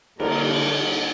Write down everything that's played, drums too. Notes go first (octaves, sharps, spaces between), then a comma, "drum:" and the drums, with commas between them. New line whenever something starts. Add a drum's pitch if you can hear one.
D3 G3 A#3 A#4, drum: cymbal